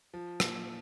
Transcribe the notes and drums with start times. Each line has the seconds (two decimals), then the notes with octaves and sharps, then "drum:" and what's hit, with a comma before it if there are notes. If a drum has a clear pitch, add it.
0.14 F3
0.40 A#2, drum: rim click